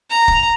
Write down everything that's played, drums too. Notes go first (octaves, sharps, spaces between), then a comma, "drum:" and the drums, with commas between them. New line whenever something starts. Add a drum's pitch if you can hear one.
A#5
drum: kick